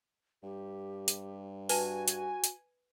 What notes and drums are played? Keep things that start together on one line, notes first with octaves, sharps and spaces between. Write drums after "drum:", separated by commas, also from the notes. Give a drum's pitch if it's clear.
G2 G4
drum: hi-hat
F#4 B4 G#5 A5, drum: open hi-hat
drum: hi-hat
drum: hi-hat